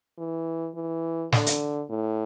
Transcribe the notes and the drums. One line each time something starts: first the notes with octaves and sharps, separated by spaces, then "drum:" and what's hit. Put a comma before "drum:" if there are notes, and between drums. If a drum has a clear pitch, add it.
E3
E3
D3, drum: snare
drum: hi-hat
A2